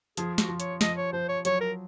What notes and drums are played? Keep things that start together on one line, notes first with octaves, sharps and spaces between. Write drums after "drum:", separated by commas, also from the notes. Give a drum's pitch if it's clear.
F3 G#4, drum: hi-hat
F#4, drum: snare
F3
C#5, drum: hi-hat
F3 D#5, drum: snare
C#5
F3 C5
C#5
F#3 C#5, drum: hi-hat
A#4